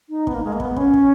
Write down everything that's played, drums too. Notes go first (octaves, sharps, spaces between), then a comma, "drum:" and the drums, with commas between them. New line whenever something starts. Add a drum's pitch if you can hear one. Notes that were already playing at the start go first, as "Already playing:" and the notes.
D#4
B3, drum: kick
A#3
G#3
A#3
B3, drum: kick
C#4, drum: kick
drum: kick